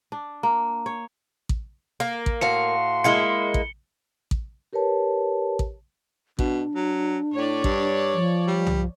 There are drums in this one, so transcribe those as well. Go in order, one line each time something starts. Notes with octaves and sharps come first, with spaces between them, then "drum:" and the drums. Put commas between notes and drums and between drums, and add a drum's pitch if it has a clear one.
D4
A#3
C#5
drum: kick A1
A#3
drum: kick A1
A2 F#4 F5 C6 C#7
G#3 A#3 E4 C#7 G7
drum: kick A1
drum: kick A1
G4 A#4 B4 C#5 A5
drum: kick A1
B2 D4, drum: kick A1
F#3
A2 C#5 D5
G2, drum: kick A1
F3
G3
drum: tom C2